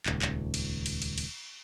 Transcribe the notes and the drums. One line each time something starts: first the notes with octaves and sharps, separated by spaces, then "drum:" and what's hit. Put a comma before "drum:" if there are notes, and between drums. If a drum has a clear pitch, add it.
D#1 C#2, drum: clap
drum: clap
drum: cymbal
drum: cymbal
drum: cymbal
drum: cymbal